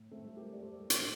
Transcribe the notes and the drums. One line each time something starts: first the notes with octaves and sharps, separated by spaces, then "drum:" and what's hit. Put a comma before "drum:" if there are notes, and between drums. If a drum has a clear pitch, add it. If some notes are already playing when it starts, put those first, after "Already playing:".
Already playing: A2
A3 C4
G3
G4 A#4
D5
G3 A4 C5
drum: hi-hat
A2